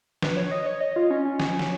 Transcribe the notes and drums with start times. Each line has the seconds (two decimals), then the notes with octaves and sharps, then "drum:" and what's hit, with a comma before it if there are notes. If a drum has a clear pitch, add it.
0.22 B4, drum: snare
0.37 C#5
0.51 D#5
0.66 C#5
0.81 D#5
0.96 F4
1.10 C#4
1.25 C#4
1.39 C#4, drum: snare
1.59 drum: snare